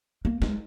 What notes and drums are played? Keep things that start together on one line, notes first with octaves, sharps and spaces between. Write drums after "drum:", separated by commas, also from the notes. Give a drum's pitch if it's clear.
A#3
G#3, drum: snare